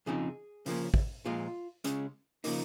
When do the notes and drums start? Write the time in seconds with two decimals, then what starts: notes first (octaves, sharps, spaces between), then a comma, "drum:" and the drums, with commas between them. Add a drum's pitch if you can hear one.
0.06 F2 C#3 F3 C4 D#4 G#4
0.66 C#3 F3 A#3 C#4, drum: open hi-hat
0.94 drum: kick
1.25 A#2 F3 G#3 F4
1.84 C#3 G#3 C#4, drum: hi-hat
2.44 C#3 F3 A#3 D#4, drum: open hi-hat